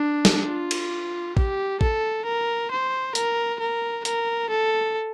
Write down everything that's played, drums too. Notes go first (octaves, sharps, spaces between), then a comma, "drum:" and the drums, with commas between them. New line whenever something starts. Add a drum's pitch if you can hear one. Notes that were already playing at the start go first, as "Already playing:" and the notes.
Already playing: D4
drum: snare
F4
drum: cymbal
G4, drum: kick
A4, drum: kick
A#4
C5
A#4, drum: hi-hat
A#4
A#4, drum: hi-hat
A4